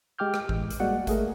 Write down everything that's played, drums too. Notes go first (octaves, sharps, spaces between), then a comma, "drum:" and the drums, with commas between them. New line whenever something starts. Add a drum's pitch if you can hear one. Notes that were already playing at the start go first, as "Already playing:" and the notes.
G#3 G4 G5 D6 F6 G6
drum: rim click
A1, drum: kick G#1
drum: hi-hat
G3 G#3 A#3 F#4 D5 F#5
A3 G#4 A#4, drum: kick G#1, hi-hat